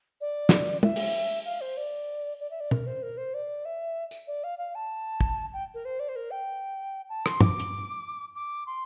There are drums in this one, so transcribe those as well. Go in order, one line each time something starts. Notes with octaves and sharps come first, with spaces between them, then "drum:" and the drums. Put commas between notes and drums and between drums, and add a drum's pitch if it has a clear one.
D5
drum: snare
E5, drum: tom
drum: open hi-hat
F5
C5
D5
D5
E5
D5
A#4, drum: tom
C5
A#4
C5
D5
E5
drum: tambourine
D5
F5
F5
A5
drum: kick
G5
A#4
C5
D5
C5
A#4
G5
A5
C6, drum: rim click
D6, drum: tom
drum: hi-hat
D6
C6